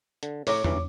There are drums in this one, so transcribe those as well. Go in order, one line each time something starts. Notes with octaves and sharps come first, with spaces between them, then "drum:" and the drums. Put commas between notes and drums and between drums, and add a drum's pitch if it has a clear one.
D3, drum: hi-hat
A2 C#5 A#5 D6, drum: open hi-hat
B1 G2 E3, drum: tom E2